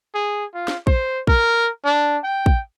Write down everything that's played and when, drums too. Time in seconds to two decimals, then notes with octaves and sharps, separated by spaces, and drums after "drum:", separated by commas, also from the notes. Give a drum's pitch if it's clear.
0.14 G#4
0.54 F4
0.68 drum: snare
0.87 C5, drum: kick
1.27 A#4, drum: kick
1.84 D4
2.23 G5
2.46 drum: kick